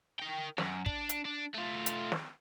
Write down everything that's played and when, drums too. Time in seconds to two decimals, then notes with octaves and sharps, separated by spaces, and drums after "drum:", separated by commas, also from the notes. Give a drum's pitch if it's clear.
0.20 A#4 G5
0.58 F#2, drum: snare
0.86 D4, drum: kick
1.09 drum: hi-hat
1.25 D4
1.54 A3 F4
1.86 drum: hi-hat
2.12 drum: snare